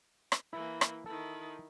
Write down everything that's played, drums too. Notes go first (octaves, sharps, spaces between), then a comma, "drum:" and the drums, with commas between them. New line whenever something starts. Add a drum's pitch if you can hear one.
drum: rim click
E3 A#3 E4
drum: rim click
D#3 E4 A4